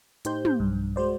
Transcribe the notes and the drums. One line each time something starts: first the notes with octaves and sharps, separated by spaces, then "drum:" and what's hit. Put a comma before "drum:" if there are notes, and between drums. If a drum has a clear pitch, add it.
A2 D#4 G4 C5 G6, drum: hi-hat
drum: tom
B1 G2
G#3 F#4 C5 D5